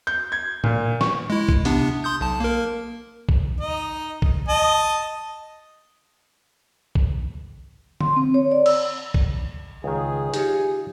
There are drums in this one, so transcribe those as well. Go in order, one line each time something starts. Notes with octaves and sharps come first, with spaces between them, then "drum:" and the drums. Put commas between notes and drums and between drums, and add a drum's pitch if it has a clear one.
G6
G#6
A#2, drum: tom A2
C#6, drum: snare
G#3 E4
drum: kick B1
C3 B3 D4, drum: hi-hat
C6 D#6 G6
B1 A5
A#3 A#4
drum: kick B1
D#4 D#5
drum: kick B1
D#5 A5
drum: kick B1
C6, drum: tom D3
C4
C#5
D5
E6, drum: cymbal
drum: kick B1
C#2 D#3 G#4
D#4 F4 G4 C#5, drum: hi-hat